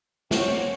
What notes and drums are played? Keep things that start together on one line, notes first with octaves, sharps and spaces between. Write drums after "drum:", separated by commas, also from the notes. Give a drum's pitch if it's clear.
C4 C#4 F#4 C#5, drum: snare
C4
A#3